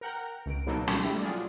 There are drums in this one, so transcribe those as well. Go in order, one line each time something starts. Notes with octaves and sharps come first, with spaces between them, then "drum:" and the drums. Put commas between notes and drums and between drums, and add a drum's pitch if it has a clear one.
A#4 F#5 G5 A#5
C#2 D7
B2 F#3 A#3 B3 D#4 A4
drum: snare
G3 A3 E4 G4
F#3 F4 G#4 D5